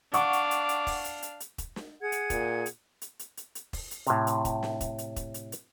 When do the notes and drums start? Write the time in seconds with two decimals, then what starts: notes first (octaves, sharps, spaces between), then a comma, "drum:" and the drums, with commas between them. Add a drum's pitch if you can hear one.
0.14 D4 F5 F#5 C#6 D6, drum: hi-hat
0.33 drum: hi-hat
0.51 drum: hi-hat
0.69 drum: hi-hat
0.87 drum: kick E1, open hi-hat
1.05 drum: hi-hat
1.22 drum: hi-hat
1.40 drum: hi-hat
1.58 drum: kick E1, hi-hat
1.76 drum: snare
2.01 G#4 F#5 G#6
2.12 drum: hi-hat
2.30 A#2, drum: kick E1, hi-hat
2.66 drum: hi-hat
3.02 drum: hi-hat
3.19 drum: hi-hat
3.37 drum: hi-hat
3.55 drum: hi-hat
3.73 drum: kick E1, open hi-hat
3.91 drum: hi-hat
4.07 A2 C3, drum: hi-hat
4.27 drum: hi-hat
4.45 drum: kick E1, hi-hat
4.63 drum: snare
4.81 drum: kick E1, hi-hat
4.98 drum: hi-hat
5.16 drum: kick E1, hi-hat
5.34 drum: hi-hat
5.52 drum: hi-hat